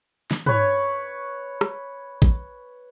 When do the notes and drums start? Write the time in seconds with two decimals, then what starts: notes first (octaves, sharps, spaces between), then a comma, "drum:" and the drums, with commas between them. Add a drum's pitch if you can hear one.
0.31 drum: snare
0.46 B4 C#5, drum: tom
1.61 drum: rim click
2.22 drum: kick A1